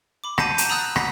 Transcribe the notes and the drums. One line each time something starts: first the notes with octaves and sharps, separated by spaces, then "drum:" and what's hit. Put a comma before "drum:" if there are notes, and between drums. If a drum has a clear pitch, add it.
B5 D6
F#5 A5 G6 C7 D#7, drum: rim click
A#5 D#7 E7, drum: hi-hat
A#5 B5 D#6 E6 F#6 A6
F#5 A#5 A6 B6, drum: rim click